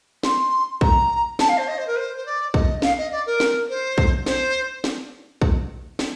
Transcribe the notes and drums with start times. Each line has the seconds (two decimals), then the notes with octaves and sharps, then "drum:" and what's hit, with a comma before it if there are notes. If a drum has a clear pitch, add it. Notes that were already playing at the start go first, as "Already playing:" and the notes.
0.23 C6, drum: snare
0.81 A#5, drum: kick
1.39 A5, drum: snare
1.48 F5
1.57 C5
1.67 D#5
1.77 C5
1.86 A#4
1.96 C5
2.16 C5
2.25 D5
2.54 D#5, drum: kick
2.82 F5, drum: snare
2.97 D#5
3.11 D5
3.26 A#4
3.40 drum: snare
3.69 C5
3.98 drum: kick
4.26 C5, drum: snare
4.84 drum: snare
5.42 drum: kick
5.99 drum: snare